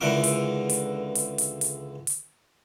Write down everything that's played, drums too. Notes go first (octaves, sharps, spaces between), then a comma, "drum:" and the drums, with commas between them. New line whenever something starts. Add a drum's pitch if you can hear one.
C#2 D3 E3 A#4 F#5 D6
drum: hi-hat
drum: hi-hat
drum: hi-hat
drum: hi-hat
drum: hi-hat
drum: hi-hat